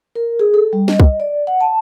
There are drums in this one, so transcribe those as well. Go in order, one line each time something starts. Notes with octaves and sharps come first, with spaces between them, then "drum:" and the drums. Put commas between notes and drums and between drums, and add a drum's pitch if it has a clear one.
A#4
G#4
A4
G3
D#5, drum: snare
drum: kick C2
D5
F#5
A5